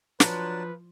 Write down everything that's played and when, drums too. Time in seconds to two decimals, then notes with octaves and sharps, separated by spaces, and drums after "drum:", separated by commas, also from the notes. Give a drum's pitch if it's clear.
0.20 F3 F#3 D4 B4 A5, drum: snare